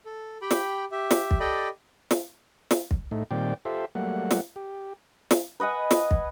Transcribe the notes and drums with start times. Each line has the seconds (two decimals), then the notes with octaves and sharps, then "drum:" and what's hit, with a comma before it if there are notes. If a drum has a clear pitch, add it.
0.06 A4
0.42 G4 G5 B5
0.51 drum: snare
0.91 G4 E5
1.11 drum: snare
1.31 drum: kick
1.40 G4 A4 D5 D#5 G5 B5
2.11 drum: snare
2.71 drum: snare
2.91 drum: kick
3.11 A2 A3 D#4
3.31 A#2 D#3 G3 C4 D5 G5
3.65 F4 G4 A4 C5 E5
3.95 F#3 G3 A3 A#3 F#5
4.31 drum: snare
4.56 G4
5.31 drum: snare
5.60 B4 D#5 F#5 G#5
5.91 drum: snare
6.11 drum: kick